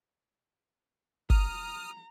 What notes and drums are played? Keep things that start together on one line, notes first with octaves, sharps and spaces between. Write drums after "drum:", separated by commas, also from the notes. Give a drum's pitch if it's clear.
A#5 D#6 F6, drum: kick G1